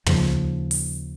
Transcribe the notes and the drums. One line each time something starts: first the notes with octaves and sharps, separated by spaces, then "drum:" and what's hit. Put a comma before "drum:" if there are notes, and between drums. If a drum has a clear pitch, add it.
D#2 C#3 F3, drum: tom
drum: open hi-hat